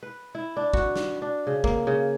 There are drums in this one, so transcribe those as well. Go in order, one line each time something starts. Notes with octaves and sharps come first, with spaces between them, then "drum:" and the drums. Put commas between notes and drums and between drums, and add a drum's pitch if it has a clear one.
B4
E4
D4
F#4, drum: kick
drum: snare
D4
C#3
A#3, drum: kick
C#3